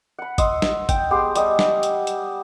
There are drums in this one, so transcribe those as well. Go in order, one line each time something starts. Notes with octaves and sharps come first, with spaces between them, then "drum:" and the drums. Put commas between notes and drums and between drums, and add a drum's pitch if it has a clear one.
F#5 B5
D#5 C6 E6, drum: kick, hi-hat
drum: snare
G5, drum: kick, hi-hat
B3 G4 G#4 C6
G3 B3 D#5 E6, drum: hi-hat
drum: snare
drum: hi-hat
drum: hi-hat